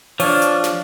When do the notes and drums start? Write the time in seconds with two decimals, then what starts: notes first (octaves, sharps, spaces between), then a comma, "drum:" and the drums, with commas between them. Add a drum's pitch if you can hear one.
0.20 F3 D4 C#5 F6, drum: open hi-hat
0.42 drum: hi-hat
0.64 drum: snare